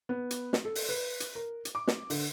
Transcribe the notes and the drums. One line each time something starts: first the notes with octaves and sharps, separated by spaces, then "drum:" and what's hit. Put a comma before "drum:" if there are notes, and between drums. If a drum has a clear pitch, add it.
B3
drum: hi-hat
drum: snare
A4
drum: open hi-hat
B4
drum: hi-hat
A#4
drum: hi-hat
D6
drum: snare
D3, drum: open hi-hat